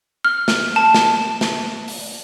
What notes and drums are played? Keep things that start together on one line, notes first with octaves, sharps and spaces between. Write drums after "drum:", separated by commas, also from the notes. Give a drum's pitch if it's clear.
F6
drum: snare
A5
drum: snare
drum: snare
drum: open hi-hat